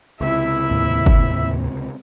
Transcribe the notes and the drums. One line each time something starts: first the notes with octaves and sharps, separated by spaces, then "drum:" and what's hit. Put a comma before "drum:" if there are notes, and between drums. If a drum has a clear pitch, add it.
C#2 C3 E4 E5
D#2 A2 A#3
drum: kick G1